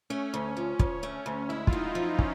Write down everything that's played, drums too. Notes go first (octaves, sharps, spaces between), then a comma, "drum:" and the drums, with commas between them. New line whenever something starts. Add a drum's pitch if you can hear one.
A3 C#4
D2
F3
D2, drum: kick
A3
D2
G#3 E4
F4, drum: kick
F#2 D#4
E4
F3
D#4
C#4, drum: kick